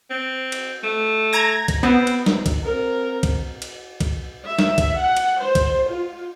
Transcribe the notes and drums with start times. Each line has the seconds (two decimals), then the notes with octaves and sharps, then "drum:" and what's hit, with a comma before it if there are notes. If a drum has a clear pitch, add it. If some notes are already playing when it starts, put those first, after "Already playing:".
0.10 C4
0.52 drum: cymbal
0.83 A3
1.33 A#5 G#6 A#6
1.68 drum: kick, cymbal
1.83 B3 C4
2.07 drum: cymbal
2.26 drum: snare
2.46 drum: kick, cymbal
2.64 C4 A#4
3.23 drum: kick, cymbal
3.62 drum: cymbal
4.00 drum: kick, cymbal
4.47 E5
4.59 drum: snare
4.78 drum: kick, cymbal
4.97 F#5
5.17 drum: cymbal
5.40 C5
5.55 drum: kick, cymbal
5.89 F4